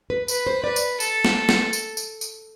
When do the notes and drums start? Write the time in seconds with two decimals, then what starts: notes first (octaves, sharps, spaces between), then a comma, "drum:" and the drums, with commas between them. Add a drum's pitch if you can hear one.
0.10 B4
0.28 B4, drum: tambourine
0.47 C5
0.64 B4 D5
0.76 drum: tambourine
1.00 A4, drum: tambourine
1.25 drum: snare
1.49 drum: snare
1.73 drum: tambourine
1.97 drum: tambourine
2.21 drum: tambourine